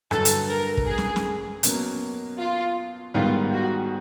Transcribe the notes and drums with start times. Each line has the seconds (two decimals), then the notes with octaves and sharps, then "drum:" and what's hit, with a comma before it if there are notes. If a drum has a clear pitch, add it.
0.11 G2 D3 F#3 A4, drum: rim click
0.25 drum: hi-hat
0.49 A#4
0.77 drum: kick
0.86 G#4
0.98 drum: snare
1.16 drum: snare
1.63 B2 F#3 A#3 C#4, drum: hi-hat
2.39 F4
3.14 G#2 D#3 G3 B3 F4
3.53 F#4